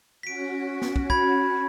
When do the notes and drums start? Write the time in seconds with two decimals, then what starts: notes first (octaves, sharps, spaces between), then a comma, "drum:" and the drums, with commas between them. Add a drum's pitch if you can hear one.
0.23 C#4 F#4 B6 D7
0.82 drum: snare
0.96 drum: kick
1.10 B5 G#6, drum: kick